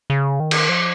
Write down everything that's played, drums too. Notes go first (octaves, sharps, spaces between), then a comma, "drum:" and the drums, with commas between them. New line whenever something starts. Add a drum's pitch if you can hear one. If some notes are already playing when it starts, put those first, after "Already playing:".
C#3
D#3
drum: cymbal
F3